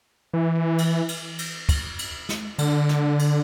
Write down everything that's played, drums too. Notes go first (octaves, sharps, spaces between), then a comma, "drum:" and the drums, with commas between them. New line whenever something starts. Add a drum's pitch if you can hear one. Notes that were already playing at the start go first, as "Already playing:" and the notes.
E3
drum: cymbal
drum: cymbal
drum: cymbal
drum: kick, cymbal
drum: cymbal
drum: snare
D3, drum: cymbal
drum: snare
drum: cymbal